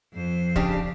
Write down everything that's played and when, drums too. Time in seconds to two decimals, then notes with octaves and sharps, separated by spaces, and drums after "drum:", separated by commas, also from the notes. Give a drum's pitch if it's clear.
0.13 F2 C5
0.56 C#3 D4 G4, drum: kick